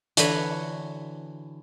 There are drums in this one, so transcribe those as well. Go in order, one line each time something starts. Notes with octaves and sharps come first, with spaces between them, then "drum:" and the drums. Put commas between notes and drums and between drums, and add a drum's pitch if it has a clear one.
D3 E3 F#4 B4 C#5, drum: hi-hat